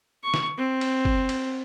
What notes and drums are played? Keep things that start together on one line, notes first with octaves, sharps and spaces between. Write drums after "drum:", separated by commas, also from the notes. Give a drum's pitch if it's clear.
C#6
drum: snare
C4
drum: cymbal
drum: kick
drum: cymbal